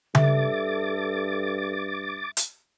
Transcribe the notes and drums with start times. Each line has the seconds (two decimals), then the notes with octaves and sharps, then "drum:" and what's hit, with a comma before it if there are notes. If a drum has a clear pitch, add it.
0.15 G2 A4 E5 D6 A6, drum: tom C#3
2.37 drum: hi-hat